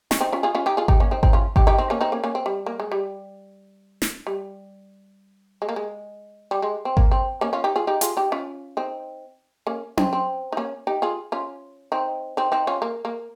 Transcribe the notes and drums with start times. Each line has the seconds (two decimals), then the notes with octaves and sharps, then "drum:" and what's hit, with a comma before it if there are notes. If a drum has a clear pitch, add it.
0.11 C#4, drum: snare
0.21 C4 D#4
0.32 C#4 F4
0.43 F4 G#4
0.55 C#4 F4
0.66 D#4 G4
0.77 F4 G#4
0.88 D#4 G4, drum: kick G#1
1.00 A#3 C#4
1.11 C4 D#4
1.23 C4 D#4, drum: kick G#1
1.33 C#4 F4
1.56 D#4 G4, drum: kick G#1
1.67 D#4 G4
1.78 C4 D#4
1.90 A#3 C#4
2.01 C4 D#4
2.12 A#3 C#4
2.24 A#3 C#4
2.35 C4
2.46 G3
2.66 A#3
2.80 G#3
2.92 G3
4.02 drum: snare
4.27 G3
5.62 G#3
5.69 A#3
5.76 G#3
6.51 G3
6.62 G#3
6.85 C4
6.97 A#3, drum: kick G#1
7.11 C4
7.41 A#3 C#4
7.53 C#4 F4
7.64 D#4 G4
7.76 F4 G#4
7.87 D#4 G4
8.01 F4 G#4, drum: hi-hat
8.17 D#4 G4
8.32 C#4 F4
8.77 C4 D#4
9.67 A#3 C#4
9.97 C4, drum: tom C#4
10.13 C4
10.52 D#4
10.57 A#3 C#4
10.87 D#4 G4
11.02 F4 G#4
11.32 C#4 F4
11.92 C4 D#4
12.37 C4 D#4
12.52 C4 D#4
12.67 C#4 F4
12.82 A#3
13.05 A#3